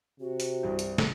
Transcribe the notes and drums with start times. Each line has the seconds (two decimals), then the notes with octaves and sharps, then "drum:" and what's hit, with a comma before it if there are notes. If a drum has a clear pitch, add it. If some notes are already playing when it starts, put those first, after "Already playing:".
0.20 C3 F#4
0.40 drum: open hi-hat
0.63 C2 G2 E3
0.79 drum: hi-hat
0.98 drum: snare